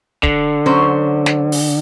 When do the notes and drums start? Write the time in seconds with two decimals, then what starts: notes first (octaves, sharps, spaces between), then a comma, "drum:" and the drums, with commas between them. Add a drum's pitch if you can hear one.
0.23 D3, drum: kick
0.66 F#3 C#4 C5
1.26 drum: snare
1.52 drum: open hi-hat